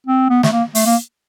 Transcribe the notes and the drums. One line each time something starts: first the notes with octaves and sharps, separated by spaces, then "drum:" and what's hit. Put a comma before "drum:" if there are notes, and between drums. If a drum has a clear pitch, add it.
C4
B3
A3, drum: snare
A#3
A3, drum: open hi-hat
A#3